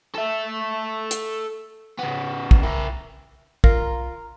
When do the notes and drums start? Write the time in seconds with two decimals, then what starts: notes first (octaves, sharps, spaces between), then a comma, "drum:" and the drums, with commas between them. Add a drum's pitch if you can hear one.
0.15 A4 E5
1.11 drum: hi-hat
1.99 C#3 B3
2.51 drum: kick
2.63 E4 A#4
3.64 F4 A#4, drum: kick